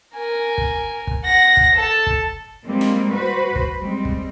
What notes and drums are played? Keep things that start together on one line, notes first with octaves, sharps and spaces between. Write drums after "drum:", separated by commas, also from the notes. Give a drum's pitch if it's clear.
A#4 G#5
drum: kick
drum: kick
F#5 A#6
drum: kick
A4 A5
drum: kick
G3 G#3 A#3 C4
drum: snare
F#4 B4 C5
drum: kick
G3 G#3 C4
drum: kick